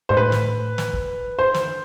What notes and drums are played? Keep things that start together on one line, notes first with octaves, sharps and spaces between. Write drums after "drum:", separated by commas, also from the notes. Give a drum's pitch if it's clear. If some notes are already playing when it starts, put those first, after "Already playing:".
G#2 C5
A2 B4
drum: snare
drum: snare
drum: kick
C5
drum: snare